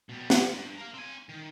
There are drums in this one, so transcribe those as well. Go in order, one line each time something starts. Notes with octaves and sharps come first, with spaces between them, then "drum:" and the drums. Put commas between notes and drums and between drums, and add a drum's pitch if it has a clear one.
B2 G3
A#3 F#5, drum: snare
G2
A#4 F5
C4 G#5
D#3